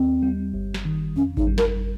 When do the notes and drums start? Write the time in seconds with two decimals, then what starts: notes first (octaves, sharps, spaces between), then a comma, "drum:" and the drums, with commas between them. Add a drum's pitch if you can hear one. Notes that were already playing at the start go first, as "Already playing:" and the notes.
Already playing: D#2 C4
0.22 G3
0.54 G1
0.74 drum: snare
0.85 D#3
1.16 F2 C#4
1.37 D#4, drum: kick G#1
1.47 G3
1.58 A#4, drum: snare